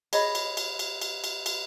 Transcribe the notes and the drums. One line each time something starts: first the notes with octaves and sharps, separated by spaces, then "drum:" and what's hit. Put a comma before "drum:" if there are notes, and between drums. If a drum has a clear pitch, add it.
G#4 C#5 D#5 B5, drum: cymbal
drum: cymbal
drum: cymbal
drum: cymbal
drum: cymbal
drum: cymbal
drum: cymbal